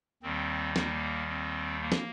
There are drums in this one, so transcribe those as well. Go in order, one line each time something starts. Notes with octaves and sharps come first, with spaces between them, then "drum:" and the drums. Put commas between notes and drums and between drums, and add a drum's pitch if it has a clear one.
D#2 D#3 G3 C4
A#3, drum: snare
C4
A#3
drum: snare